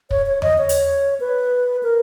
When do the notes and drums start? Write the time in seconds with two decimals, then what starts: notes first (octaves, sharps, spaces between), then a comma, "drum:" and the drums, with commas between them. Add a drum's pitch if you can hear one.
0.11 C#5, drum: kick
0.26 C#5
0.42 D#5, drum: tom E2
0.58 C#5
0.69 drum: hi-hat
1.20 B4
1.83 A#4